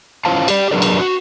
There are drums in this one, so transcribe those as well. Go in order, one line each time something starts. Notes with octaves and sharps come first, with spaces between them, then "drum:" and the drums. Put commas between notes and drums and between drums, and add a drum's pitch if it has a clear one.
C#4 E4 F4 C5 F5 A5
G4 D5, drum: cymbal
F#3 D4 G#4 A#4 B4 D5
drum: cymbal
F#4